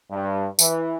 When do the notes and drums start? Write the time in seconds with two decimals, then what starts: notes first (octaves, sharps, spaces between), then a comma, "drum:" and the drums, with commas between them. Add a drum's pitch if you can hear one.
0.11 G2
0.59 E3, drum: tambourine